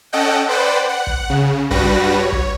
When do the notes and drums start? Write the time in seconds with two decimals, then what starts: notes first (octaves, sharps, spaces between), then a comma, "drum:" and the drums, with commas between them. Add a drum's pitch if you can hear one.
0.13 C#4 A4 D#5 F#5 G5
0.49 B4 C5 D5 F#5 G5
0.89 F#5
1.07 drum: kick
1.30 C#3
1.71 G2 G3 F#4 B4 A#6, drum: kick
2.18 C#5
2.32 drum: kick